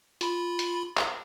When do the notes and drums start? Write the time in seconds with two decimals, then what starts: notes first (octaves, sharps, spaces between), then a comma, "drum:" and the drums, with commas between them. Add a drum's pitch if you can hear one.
0.21 F4 B5, drum: hi-hat
0.59 drum: hi-hat
0.97 drum: clap